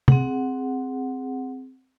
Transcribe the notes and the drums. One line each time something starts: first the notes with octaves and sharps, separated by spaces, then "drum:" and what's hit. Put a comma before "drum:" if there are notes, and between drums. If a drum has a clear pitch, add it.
C4 G#4 F#5, drum: tom